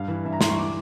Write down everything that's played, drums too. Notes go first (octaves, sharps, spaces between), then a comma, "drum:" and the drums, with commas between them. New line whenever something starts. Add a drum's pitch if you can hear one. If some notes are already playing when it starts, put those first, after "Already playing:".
Already playing: G2 F5
E3
G2 E5
A#5
E3 C6, drum: snare
C#6
D6